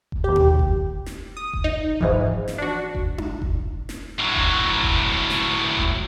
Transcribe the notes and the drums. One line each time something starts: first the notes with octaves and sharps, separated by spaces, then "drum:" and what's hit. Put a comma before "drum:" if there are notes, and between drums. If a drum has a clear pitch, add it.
drum: kick F1
D#2 G4
drum: tom A#2
drum: kick F1
drum: snare
D#6
drum: kick F1
D#4
G#2 E3 F3, drum: kick F1
drum: snare
D4 F#4
drum: kick F1
drum: tom D4
drum: kick F1
drum: snare
A2 F#3
drum: kick F1
drum: kick F1
drum: snare
drum: kick F1